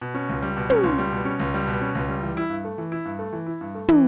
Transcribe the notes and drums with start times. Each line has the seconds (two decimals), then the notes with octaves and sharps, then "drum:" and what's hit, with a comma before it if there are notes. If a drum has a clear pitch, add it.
0.02 B2
0.14 C#4
0.29 C#2
0.42 G3
0.57 B2
0.70 C#4, drum: tom
0.84 C#2
0.98 G3
1.12 B2
1.25 C#4
1.40 C#2
1.54 G3
1.67 B2
1.81 C#4
1.95 C#2
2.09 G3
2.23 E3
2.37 E4
2.50 G2
2.64 A3
2.78 E3
2.92 E4
3.05 G2
3.19 A3
3.33 E3
3.47 E4
3.61 G2
3.75 A3
3.88 E3, drum: tom